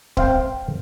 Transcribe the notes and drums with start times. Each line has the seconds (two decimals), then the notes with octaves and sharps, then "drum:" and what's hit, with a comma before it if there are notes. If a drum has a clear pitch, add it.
0.17 C4 F5 G5, drum: kick C#1